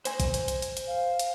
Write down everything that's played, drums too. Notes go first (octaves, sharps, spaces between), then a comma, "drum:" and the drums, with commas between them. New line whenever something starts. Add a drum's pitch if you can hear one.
C5 G#5, drum: hi-hat
drum: kick, hi-hat
drum: hi-hat
drum: hi-hat
drum: hi-hat
drum: hi-hat
F5
drum: hi-hat